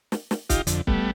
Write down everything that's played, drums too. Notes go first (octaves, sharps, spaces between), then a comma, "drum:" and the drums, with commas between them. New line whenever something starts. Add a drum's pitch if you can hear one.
drum: snare
drum: snare
D#4 F4 G4, drum: kick, hi-hat
F2 D3, drum: hi-hat
G3 A3 B3, drum: kick